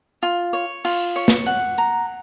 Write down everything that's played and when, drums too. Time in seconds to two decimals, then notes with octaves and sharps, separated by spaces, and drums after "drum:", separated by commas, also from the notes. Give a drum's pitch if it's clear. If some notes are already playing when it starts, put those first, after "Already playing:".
0.23 F4
0.53 C#5
0.85 F4, drum: cymbal
1.16 C#5
1.28 drum: snare
1.46 F#5
1.78 A#5